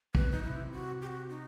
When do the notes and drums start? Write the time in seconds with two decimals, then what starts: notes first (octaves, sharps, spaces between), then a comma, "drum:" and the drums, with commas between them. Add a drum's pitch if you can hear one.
0.15 B4, drum: kick
0.32 D#4
0.43 C3 E4
0.72 F#4
1.02 G4
1.07 F#4
1.30 D#4